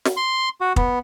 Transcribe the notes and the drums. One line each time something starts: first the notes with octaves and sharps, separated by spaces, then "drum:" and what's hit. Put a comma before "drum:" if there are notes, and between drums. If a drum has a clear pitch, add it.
drum: snare
C6
F#4
B3, drum: kick